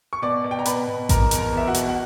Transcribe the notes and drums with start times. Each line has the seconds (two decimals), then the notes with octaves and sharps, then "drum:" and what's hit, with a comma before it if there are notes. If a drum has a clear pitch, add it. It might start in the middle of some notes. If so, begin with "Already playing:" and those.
0.13 C#6
0.22 B2 D5 D6
0.44 B2
0.51 G5
0.59 A#5
0.65 B2 B4 B5, drum: hi-hat
0.88 B2
1.09 E2 A#4 A#5, drum: kick A1, hi-hat
1.31 B2, drum: hi-hat
1.38 A#4 A#5
1.52 E2 E5
1.67 F#4 F#5
1.74 B2, drum: hi-hat
1.89 F#5